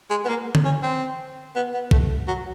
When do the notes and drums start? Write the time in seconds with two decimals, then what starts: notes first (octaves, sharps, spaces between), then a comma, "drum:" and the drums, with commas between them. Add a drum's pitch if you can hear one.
0.10 G#3
0.24 B3
0.29 A#3
0.55 drum: tom D3
0.65 C#4
0.83 C4
1.56 B3
1.74 B3
1.91 A3, drum: kick
2.27 F#3